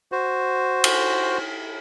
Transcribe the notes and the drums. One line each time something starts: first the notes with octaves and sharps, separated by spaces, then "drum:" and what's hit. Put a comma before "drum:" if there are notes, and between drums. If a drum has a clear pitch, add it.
F#4 C5
drum: cymbal